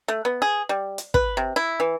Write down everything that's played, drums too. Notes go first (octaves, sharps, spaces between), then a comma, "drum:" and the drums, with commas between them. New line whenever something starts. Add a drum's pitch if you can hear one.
A3
B3
G#4
G3
drum: hi-hat
B4, drum: kick
C3
E4
E3